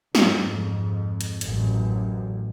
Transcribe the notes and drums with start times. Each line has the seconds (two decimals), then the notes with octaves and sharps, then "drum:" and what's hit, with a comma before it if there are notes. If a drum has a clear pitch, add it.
0.15 F2 G#2, drum: snare
1.21 drum: hi-hat
1.41 A1 F#2, drum: hi-hat